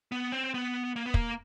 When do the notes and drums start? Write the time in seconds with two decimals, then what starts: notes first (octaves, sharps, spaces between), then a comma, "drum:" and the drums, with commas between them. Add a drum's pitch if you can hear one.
0.12 B3
0.32 C4
0.54 B3
0.96 A#3
1.06 B3
1.14 A#3, drum: kick